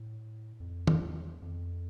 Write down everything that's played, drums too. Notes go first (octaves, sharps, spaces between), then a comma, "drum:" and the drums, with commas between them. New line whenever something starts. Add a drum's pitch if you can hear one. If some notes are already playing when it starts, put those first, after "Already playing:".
Already playing: A2
F2
drum: tom
E2
F2